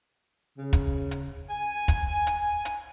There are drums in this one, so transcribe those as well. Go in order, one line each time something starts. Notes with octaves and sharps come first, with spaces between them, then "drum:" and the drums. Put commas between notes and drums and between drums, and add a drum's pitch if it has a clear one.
C#3
drum: kick, hi-hat
drum: hi-hat
G#5
drum: kick, hi-hat
drum: hi-hat
drum: hi-hat